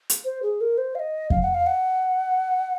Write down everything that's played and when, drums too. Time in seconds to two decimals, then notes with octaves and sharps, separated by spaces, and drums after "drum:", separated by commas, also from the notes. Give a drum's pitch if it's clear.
0.10 drum: hi-hat
0.25 C5
0.42 G#4
0.61 A#4
0.78 C5
0.95 F5
0.99 D#5
1.30 F5, drum: kick F2
1.42 F#5
1.54 F5
1.66 F#5